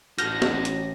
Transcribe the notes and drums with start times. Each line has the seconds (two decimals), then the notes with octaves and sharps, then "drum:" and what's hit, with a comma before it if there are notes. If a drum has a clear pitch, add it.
0.18 A1 F#4 A4 F6 G6 A#6, drum: hi-hat
0.42 drum: snare
0.65 drum: hi-hat